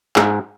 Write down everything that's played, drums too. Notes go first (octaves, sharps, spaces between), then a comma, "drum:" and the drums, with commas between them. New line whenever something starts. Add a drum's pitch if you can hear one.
G#2, drum: clap